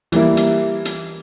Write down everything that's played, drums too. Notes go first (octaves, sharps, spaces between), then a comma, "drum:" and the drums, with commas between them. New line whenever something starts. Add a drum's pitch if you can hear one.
E3 G3 A#3 E4, drum: hi-hat
drum: hi-hat
drum: hi-hat